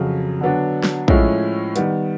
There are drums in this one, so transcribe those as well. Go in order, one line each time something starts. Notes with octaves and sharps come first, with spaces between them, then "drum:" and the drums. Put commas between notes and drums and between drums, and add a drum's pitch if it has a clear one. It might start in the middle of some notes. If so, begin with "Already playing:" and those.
Already playing: F2 C#3 F#3
D3 F#3 B3 D4
drum: snare
A2 F3 G#3 C#4 E4, drum: kick A#1
D#3 G3 B3, drum: hi-hat